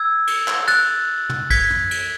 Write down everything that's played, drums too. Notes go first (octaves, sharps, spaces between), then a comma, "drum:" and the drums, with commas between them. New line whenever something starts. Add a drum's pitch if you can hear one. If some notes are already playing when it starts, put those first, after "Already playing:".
Already playing: E6 G#6
drum: cymbal
drum: clap
F#6 A6, drum: cymbal
drum: tom
G#6 B6, drum: kick, cymbal
drum: tom
drum: cymbal